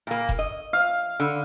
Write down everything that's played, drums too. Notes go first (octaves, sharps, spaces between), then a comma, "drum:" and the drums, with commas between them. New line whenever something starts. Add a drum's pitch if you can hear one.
A#2 A#3
drum: kick F1
D#5
F5
D3